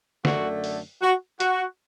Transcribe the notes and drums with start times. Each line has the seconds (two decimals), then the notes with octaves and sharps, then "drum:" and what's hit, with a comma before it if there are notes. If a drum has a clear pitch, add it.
0.25 F#2 D3 A3 F#4, drum: snare
0.64 drum: open hi-hat
1.02 F#4
1.40 F#4, drum: hi-hat